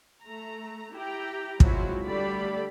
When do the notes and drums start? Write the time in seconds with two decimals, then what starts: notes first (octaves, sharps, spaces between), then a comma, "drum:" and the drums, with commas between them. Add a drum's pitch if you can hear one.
0.23 A3 A#5
0.93 E4 G4 G5 A#5
1.60 F3 F#3 G#3 C4 E4 F#4, drum: kick
2.05 D3 G3 A3 G4 D5 B5